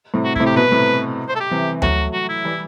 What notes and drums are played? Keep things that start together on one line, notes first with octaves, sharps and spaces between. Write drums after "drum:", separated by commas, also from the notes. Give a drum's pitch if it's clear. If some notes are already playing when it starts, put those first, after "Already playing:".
A2 C3
F#4
E4, drum: kick
A2 C3
G4
B2 B4
A2 C3
C5
A4
G4
C3 E3
F#3 A3 F#4, drum: tom D2
F#4
E4
E3 G3